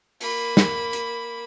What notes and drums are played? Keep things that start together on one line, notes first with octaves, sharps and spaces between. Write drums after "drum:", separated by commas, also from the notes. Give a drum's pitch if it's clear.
A#3 B5, drum: open hi-hat
drum: snare
drum: hi-hat